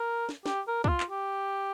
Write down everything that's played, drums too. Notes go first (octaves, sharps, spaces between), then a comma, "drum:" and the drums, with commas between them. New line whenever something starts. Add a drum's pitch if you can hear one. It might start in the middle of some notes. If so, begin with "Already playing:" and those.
Already playing: A#4
drum: snare
G4, drum: snare
A#4
D4, drum: kick
F4
drum: clap
G4